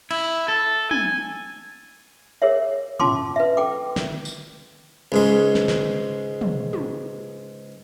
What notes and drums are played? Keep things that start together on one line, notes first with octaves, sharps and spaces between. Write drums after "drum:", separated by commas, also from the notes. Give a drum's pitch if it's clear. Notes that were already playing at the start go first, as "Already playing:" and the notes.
E4, drum: cymbal
A4
G#5, drum: tom
G#4 A#4 C#5 E5
C#4 F4 A5 C6 D6, drum: tom
B4 E5
A4 G5 D6
drum: snare
drum: tambourine
C#2 G#2 G#3
drum: snare
drum: snare
drum: tom
drum: tom